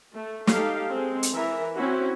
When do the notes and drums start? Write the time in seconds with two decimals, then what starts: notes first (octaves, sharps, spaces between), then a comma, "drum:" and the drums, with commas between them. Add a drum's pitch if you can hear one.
0.14 A3
0.47 D#4 G4 A4 F5, drum: snare
0.90 G#3 C4
1.23 drum: hi-hat
1.33 E3 A#4 E5
1.77 C4 C#4 E4 F#4